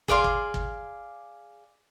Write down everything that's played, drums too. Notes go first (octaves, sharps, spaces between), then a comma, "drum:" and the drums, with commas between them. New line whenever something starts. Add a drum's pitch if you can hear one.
G#4 D5 F5 C6, drum: kick
drum: kick
drum: kick